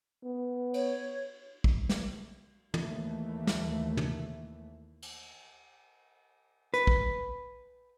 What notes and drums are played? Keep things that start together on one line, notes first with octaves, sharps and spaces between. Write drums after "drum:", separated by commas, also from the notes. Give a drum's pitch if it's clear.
B3
C#5, drum: cymbal
drum: kick
drum: snare
D#2 E3 A3, drum: tom
drum: snare
drum: tom
drum: cymbal
B4, drum: hi-hat
drum: kick